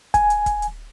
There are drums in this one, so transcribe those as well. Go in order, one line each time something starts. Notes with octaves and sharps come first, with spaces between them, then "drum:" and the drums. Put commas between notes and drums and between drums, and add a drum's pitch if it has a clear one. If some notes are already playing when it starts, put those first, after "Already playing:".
G#5, drum: kick, hi-hat
drum: hi-hat
drum: kick, hi-hat
drum: hi-hat